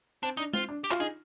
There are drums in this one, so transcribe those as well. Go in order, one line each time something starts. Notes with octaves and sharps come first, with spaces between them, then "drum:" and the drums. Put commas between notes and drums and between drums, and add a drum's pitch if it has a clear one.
C4 D4
D4 D#4
C4 F4, drum: tom G#3
D4
G4
F4, drum: clap
D#4 G#4